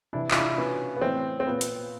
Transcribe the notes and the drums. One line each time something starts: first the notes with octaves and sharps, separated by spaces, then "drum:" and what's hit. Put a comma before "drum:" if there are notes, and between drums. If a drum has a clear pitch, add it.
C3 E3 D4 E4
F4, drum: clap
D4 E4
B2 B3 C#4
B3
A2 E3 C4
C4
A#2 B3
drum: hi-hat